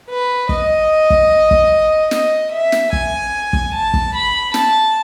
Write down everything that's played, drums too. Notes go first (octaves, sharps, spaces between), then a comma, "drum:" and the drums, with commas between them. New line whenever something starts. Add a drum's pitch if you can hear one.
B4
D#5, drum: kick
drum: kick
drum: kick
D#5, drum: snare
E5
drum: snare
G#5, drum: kick
drum: kick
A5
drum: kick
B5
A5, drum: snare